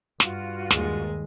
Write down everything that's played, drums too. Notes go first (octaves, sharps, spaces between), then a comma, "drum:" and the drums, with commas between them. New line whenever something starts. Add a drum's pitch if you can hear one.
G2 F4 F#4 F#5, drum: snare
D#2 G#3, drum: snare